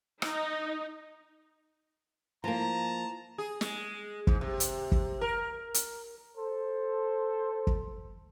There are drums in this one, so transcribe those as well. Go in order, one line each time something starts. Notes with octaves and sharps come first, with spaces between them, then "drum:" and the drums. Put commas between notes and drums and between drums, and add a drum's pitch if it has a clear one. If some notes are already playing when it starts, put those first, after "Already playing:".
D#4, drum: rim click
F3 A#3 A5 A#5
G#4
G#3, drum: snare
G#2, drum: kick
C3
drum: hi-hat
drum: kick
A#4
drum: hi-hat
A4 C5
drum: kick